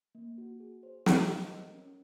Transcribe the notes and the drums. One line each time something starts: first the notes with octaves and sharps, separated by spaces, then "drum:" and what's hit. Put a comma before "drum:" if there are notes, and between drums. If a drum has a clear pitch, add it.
A#3
F#4
G#4
C5
G#4, drum: snare
D#5
A#4
C#4